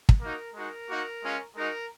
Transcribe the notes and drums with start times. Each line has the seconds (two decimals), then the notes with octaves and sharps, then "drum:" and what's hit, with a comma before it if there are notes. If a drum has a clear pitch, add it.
0.09 drum: kick
0.21 A#3 D#4 F#4 A#4
0.54 G#3 D#4 F#4 A#4
0.89 A#3 D#4 F#4
1.22 G#3 C#4 F4
1.55 G#3 D#4 F#4 A#4